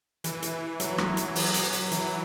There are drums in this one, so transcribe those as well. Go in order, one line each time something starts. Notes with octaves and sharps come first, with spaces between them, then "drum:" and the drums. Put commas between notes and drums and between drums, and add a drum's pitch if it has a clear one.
E3, drum: hi-hat
drum: hi-hat
F#3, drum: hi-hat
drum: rim click
drum: hi-hat
drum: open hi-hat
drum: hi-hat
drum: hi-hat
E3, drum: hi-hat